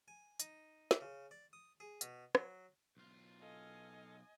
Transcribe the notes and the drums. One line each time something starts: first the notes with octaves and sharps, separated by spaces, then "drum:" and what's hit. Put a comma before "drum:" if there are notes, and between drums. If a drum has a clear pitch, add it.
G#5
D#4, drum: hi-hat
drum: snare
C#3
D5
D#6
G#4
B2, drum: hi-hat
F#3, drum: rim click
B1 F4
A4 D#5 F5 G#5